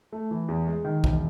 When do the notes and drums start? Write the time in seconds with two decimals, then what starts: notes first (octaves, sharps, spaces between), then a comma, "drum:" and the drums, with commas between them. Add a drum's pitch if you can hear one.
0.12 A3
0.31 E3
0.48 E2
0.68 G#3
0.85 D#3
1.04 E1, drum: kick